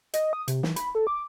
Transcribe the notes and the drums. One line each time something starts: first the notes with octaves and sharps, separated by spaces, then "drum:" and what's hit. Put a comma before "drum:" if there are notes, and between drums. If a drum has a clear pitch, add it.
D#5, drum: hi-hat
D#6
C3, drum: hi-hat
E3, drum: snare
B5, drum: hi-hat
A4
D6